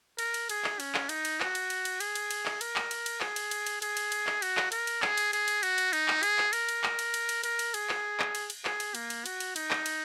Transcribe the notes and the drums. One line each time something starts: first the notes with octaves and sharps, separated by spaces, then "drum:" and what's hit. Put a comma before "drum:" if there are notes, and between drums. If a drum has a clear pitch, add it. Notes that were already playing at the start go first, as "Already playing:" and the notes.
A#4, drum: cymbal
drum: cymbal
G#4, drum: cymbal
drum: clap
C#4, drum: cymbal
drum: clap
D#4, drum: cymbal
drum: cymbal
F#4, drum: clap
drum: cymbal
drum: cymbal
drum: cymbal
G#4, drum: cymbal
drum: cymbal
drum: cymbal
drum: clap
A#4, drum: cymbal
drum: clap
drum: cymbal
drum: cymbal
G#4, drum: clap
drum: cymbal
drum: cymbal
drum: cymbal
G#4, drum: cymbal
drum: cymbal
drum: cymbal
drum: clap
F#4, drum: cymbal
drum: clap
A#4, drum: cymbal
drum: cymbal
G#4, drum: clap
drum: cymbal
G#4, drum: cymbal
drum: cymbal
F#4, drum: cymbal
drum: cymbal
D#4, drum: cymbal
drum: clap
G#4, drum: cymbal
drum: clap
A#4, drum: cymbal
drum: cymbal
drum: clap
drum: cymbal
drum: cymbal
drum: cymbal
A#4, drum: cymbal
drum: cymbal
G#4, drum: cymbal
drum: clap
drum: clap
drum: cymbal
drum: cymbal
G#4, drum: clap
drum: cymbal
A#3, drum: cymbal
drum: cymbal
F#4, drum: cymbal
drum: cymbal
D#4, drum: cymbal
drum: clap
drum: cymbal